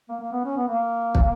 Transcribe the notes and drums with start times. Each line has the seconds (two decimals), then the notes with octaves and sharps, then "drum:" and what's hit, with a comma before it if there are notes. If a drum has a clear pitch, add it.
0.09 A#3
0.21 A#3
0.32 B3
0.45 C#4
0.57 B3
0.68 A#3
1.15 drum: kick